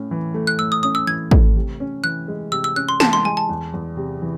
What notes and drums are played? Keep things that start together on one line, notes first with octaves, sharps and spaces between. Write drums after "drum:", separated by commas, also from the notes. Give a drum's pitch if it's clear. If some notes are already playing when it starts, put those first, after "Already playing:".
Already playing: A2 C#4
E3
A3
F#6
A2 E6
D#6
C#4 D#6
E6
E3 G#6
A3, drum: kick
C3
C#4
E3 F#6
G#3
C3 E6
E6
C#4 F#6
C6
E3 A5, drum: snare
C6
G#3 G#5
A5
E2
E2
C3
E3